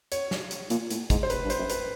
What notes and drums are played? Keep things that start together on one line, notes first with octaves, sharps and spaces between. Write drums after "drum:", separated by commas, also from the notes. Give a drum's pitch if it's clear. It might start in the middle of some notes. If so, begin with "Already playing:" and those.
C#5, drum: hi-hat
drum: snare
drum: hi-hat
A#2, drum: hi-hat
A2, drum: hi-hat
G#2, drum: kick G#1, hi-hat
C5
B4, drum: hi-hat
G2
C5, drum: hi-hat
F#2
B4, drum: hi-hat